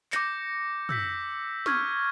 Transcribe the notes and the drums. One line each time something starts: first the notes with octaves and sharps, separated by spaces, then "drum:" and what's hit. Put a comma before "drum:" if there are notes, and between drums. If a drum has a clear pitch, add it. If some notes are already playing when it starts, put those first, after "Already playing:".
D6 G6 A#6 C#7, drum: clap
E6 G6 B6, drum: tom
C#6 F6 G#6, drum: snare